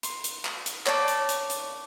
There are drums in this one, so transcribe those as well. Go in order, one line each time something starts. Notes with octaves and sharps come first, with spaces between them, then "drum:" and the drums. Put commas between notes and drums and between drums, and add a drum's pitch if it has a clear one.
C6, drum: hi-hat
drum: hi-hat
drum: clap
drum: hi-hat
C#5 D5 A5 D6, drum: clap
drum: hi-hat
drum: hi-hat
drum: hi-hat